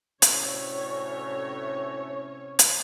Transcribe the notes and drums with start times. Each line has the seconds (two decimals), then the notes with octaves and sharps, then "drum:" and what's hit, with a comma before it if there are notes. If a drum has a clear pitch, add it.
0.22 D2 A2 C3 C#4 C#5, drum: hi-hat
2.59 drum: hi-hat